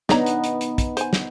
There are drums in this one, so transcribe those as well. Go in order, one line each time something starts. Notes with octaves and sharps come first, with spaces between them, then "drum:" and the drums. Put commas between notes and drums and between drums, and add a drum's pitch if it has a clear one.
B3 D4 D#4 C#5 A#5, drum: snare
drum: hi-hat
drum: hi-hat
drum: hi-hat
drum: kick, hi-hat
C5 G#5, drum: hi-hat
drum: snare